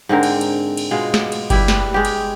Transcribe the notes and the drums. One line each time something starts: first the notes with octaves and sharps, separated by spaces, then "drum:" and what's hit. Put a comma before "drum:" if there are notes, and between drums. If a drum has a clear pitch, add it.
G#2 D3 C4 A#4
drum: cymbal
drum: cymbal
drum: cymbal
B2 G#3 F4
drum: snare
drum: cymbal
G3 E4 B4, drum: kick G1, cymbal
drum: snare
G#3 G4
drum: cymbal